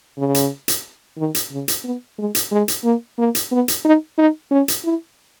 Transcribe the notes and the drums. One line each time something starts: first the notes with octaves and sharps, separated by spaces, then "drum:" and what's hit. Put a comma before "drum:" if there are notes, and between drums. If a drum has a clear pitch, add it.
C#3
drum: hi-hat
drum: hi-hat
D#3
drum: hi-hat
C#3
drum: hi-hat
B3
G#3
drum: hi-hat
G#3
drum: hi-hat
A#3
A#3
drum: hi-hat
B3
drum: hi-hat
D#4
D#4
C#4
drum: hi-hat
E4